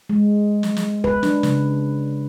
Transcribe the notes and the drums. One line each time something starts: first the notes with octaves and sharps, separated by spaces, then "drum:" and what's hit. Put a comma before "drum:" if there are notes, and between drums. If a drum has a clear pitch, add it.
G#3
drum: snare
drum: snare
B4, drum: kick
D4, drum: snare
C#3, drum: snare